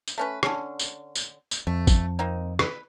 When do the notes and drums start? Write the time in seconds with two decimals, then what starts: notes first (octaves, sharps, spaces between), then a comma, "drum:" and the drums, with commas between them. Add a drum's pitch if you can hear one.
0.08 drum: tambourine
0.18 A3 C#4 B4
0.43 D3 C#4, drum: rim click
0.79 drum: tambourine
1.15 drum: tambourine
1.51 drum: tambourine
1.67 F2 A3
1.87 drum: kick G#1, tambourine
2.19 A#3 C4 D#4
2.59 B4, drum: rim click